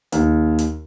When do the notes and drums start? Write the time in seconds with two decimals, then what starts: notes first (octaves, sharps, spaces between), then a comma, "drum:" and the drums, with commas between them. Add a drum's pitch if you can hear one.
0.12 D#2, drum: hi-hat
0.59 drum: hi-hat